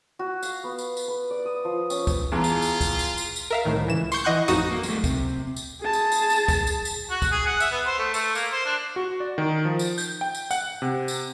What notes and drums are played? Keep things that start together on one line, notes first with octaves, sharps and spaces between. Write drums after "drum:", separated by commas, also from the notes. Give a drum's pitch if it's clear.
F#4
F5, drum: tambourine
B3
drum: tambourine
drum: tambourine
B4
D5
D#6
F3
C#4, drum: tambourine
drum: kick, tambourine
E2 F4 G#4 A5 A#5
drum: tambourine
drum: tambourine
drum: kick, tambourine
drum: tambourine
drum: tambourine
drum: tambourine
A#4 E5 F5
C2 A2 D#3
C#2 E3 E7
C6 C#6 G6 C#7, drum: tambourine
E3 D#5 F#5 C#6 F#6 G6
A1 F2 D#4 F#4 D#6 C#7, drum: tambourine
A#3
F#3 A3, drum: tambourine
C3, drum: kick, tambourine
drum: tambourine
G#4 A5
drum: tambourine
drum: tambourine
drum: tambourine
drum: kick, tambourine
drum: tambourine
drum: tambourine
F#4
drum: kick, tambourine
G#4
F#5
E5, drum: tambourine
B3
C5
A3
A3, drum: tambourine
A#3, drum: tambourine
C5
D4
F#4
D5
D#3
F3
drum: tambourine
G6, drum: tambourine
G5
drum: tambourine
F#5, drum: tambourine
C3
drum: tambourine